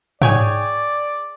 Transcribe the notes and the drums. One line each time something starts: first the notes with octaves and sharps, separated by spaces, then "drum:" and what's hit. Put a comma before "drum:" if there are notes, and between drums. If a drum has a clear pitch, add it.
G#4 C#5 D5 G5, drum: tom G#2